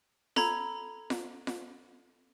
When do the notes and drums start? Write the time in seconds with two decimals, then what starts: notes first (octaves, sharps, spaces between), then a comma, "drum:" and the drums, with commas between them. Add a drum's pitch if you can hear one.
0.36 A4 A#5 B5 G#6, drum: snare F4
1.10 drum: snare F4
1.47 drum: snare F4